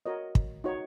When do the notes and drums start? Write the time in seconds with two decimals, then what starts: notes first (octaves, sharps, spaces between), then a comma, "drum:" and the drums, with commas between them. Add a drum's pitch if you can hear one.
0.06 F#4 A#4 C#5 D#5
0.35 drum: kick
0.64 D#4 F#4 C#5